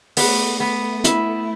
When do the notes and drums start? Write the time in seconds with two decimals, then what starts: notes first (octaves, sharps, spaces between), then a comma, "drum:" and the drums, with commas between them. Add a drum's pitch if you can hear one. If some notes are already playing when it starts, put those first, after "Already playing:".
0.16 A3 B3, drum: open hi-hat
0.60 B3
1.04 E4, drum: hi-hat